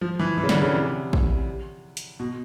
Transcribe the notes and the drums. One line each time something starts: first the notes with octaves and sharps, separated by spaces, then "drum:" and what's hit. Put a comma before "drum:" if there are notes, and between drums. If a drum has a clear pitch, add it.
F3
E3
E3
C#3
D3, drum: snare
C#3
C3
drum: kick
drum: hi-hat
B2